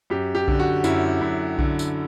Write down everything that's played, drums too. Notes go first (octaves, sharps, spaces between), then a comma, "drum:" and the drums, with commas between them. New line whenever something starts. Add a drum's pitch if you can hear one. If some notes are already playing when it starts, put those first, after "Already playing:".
F#2 G4
G4
D3, drum: kick B1
F#4
F#2 E4, drum: tambourine
F#2
D3, drum: kick B1
drum: tambourine